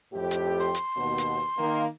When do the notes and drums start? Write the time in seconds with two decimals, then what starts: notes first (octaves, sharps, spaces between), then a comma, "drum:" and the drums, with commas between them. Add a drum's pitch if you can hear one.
0.13 F2 A2 G4
0.31 drum: hi-hat
0.60 C6
0.75 drum: hi-hat
0.96 D#2 B2
1.18 drum: hi-hat
1.58 D#3 A#3